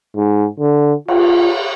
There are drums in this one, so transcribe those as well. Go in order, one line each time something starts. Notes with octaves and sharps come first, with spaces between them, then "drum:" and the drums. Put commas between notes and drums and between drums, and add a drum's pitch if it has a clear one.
G#2
D3
F4, drum: cymbal